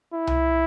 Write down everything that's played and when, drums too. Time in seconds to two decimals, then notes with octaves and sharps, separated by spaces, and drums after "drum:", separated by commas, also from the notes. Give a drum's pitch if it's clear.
0.14 E4
0.27 drum: tom C2